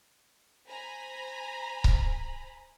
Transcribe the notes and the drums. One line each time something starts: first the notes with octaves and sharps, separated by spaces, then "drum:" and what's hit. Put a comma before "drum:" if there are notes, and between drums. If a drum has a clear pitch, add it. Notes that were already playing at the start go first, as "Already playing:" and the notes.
C5 G#5 A#5 B5
drum: kick C#1